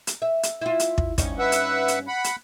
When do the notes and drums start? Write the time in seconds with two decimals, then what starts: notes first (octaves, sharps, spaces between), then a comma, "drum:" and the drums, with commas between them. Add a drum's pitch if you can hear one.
0.07 drum: hi-hat
0.22 E5
0.43 drum: hi-hat
0.61 E4 F4
0.80 drum: hi-hat
0.98 drum: kick
1.18 G2 C#4 D#4, drum: kick, hi-hat
1.39 B4 E5 F#5
1.52 drum: hi-hat
1.88 drum: hi-hat
2.08 F#5 B5
2.24 drum: hi-hat